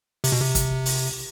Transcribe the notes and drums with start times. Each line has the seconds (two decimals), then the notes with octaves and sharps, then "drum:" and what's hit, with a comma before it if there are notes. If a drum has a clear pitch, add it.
0.24 C3, drum: open hi-hat
0.32 B2
0.41 C3
0.55 drum: kick, hi-hat
0.86 drum: open hi-hat